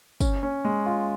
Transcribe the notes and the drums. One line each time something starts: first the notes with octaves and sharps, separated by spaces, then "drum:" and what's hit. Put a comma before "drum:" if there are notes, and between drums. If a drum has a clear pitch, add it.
C#4, drum: kick, tambourine
C#4
G#3
F4